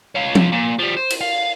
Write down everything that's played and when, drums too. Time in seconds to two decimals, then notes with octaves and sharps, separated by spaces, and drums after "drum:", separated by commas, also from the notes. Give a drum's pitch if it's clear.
0.15 C#4 F4
0.35 drum: tom F3
0.52 A#2
0.79 F3 G3
0.97 C5
1.10 drum: cymbal
1.21 F5